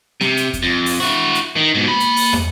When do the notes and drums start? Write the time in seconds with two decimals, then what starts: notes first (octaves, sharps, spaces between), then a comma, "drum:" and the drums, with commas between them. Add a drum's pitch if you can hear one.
0.21 C3, drum: snare C4
0.37 drum: hi-hat
0.53 drum: kick E2, hi-hat
0.63 F2
0.86 drum: open hi-hat
1.00 E4 F#4
1.35 drum: hi-hat
1.56 D#3
1.75 G#2 B2
1.88 A#3 B5
2.00 drum: hi-hat
2.17 drum: open hi-hat
2.33 drum: tom